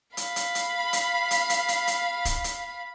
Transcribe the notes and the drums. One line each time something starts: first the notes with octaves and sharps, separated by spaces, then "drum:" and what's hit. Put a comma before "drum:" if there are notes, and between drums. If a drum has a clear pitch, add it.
F5 B5, drum: hi-hat
drum: hi-hat
drum: hi-hat
drum: hi-hat
drum: hi-hat
drum: hi-hat
drum: hi-hat
drum: hi-hat
drum: kick, hi-hat
drum: hi-hat